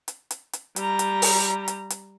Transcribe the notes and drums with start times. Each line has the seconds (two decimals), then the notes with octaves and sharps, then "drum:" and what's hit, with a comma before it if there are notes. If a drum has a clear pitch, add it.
0.08 drum: hi-hat
0.31 drum: hi-hat
0.53 drum: hi-hat
0.76 G3 A#5, drum: hi-hat
0.99 drum: hi-hat
1.22 drum: open hi-hat
1.68 drum: hi-hat
1.90 drum: hi-hat